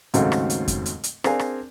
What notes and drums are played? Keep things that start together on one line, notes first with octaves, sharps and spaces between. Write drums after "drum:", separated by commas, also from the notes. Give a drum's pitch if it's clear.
D#2 G#2 C#3 F#3 A3 C4, drum: hi-hat
drum: rim click
drum: hi-hat
drum: kick F2, hi-hat
drum: hi-hat
drum: hi-hat
C4 D4 G#4 A#4 F5 G#5, drum: rim click
drum: rim click